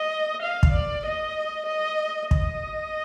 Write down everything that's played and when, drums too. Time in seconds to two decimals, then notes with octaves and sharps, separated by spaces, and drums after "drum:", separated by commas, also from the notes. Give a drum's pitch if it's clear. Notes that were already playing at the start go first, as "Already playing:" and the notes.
Already playing: D#5
0.42 F5
0.63 drum: kick
0.73 D5
1.05 D#5
1.67 D#5
2.31 D#5, drum: kick